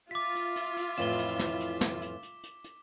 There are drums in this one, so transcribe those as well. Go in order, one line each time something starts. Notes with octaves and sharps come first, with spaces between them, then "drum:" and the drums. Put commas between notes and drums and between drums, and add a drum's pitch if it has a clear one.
F4 E5 D6 B6
drum: hi-hat
drum: hi-hat
drum: hi-hat
F2 A2 E3 E7 G7, drum: hi-hat
drum: hi-hat
drum: snare
drum: hi-hat
drum: snare
drum: hi-hat
drum: hi-hat
drum: hi-hat
drum: hi-hat